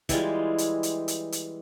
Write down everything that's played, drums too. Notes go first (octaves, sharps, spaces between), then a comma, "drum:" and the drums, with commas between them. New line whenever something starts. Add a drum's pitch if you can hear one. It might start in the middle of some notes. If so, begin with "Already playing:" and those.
E3 G3 G#3 F4, drum: kick, hi-hat
drum: hi-hat
drum: hi-hat
drum: hi-hat
drum: hi-hat